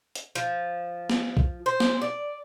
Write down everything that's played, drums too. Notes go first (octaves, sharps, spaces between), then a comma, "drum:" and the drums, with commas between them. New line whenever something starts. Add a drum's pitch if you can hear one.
drum: hi-hat
F3, drum: hi-hat
drum: snare
drum: kick A#1
C5
drum: snare
D5